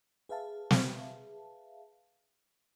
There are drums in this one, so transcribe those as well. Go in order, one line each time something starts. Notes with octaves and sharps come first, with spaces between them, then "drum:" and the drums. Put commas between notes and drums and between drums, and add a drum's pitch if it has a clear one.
G#4 B4 E5 F5 A5
drum: snare